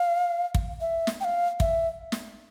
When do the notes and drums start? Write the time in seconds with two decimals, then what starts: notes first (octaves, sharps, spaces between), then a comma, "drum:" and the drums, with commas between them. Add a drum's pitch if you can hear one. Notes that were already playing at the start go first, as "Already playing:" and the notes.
Already playing: F5
0.55 drum: kick
0.81 E5
1.07 drum: snare
1.21 G5
1.24 F5
1.60 E5, drum: kick
2.12 drum: snare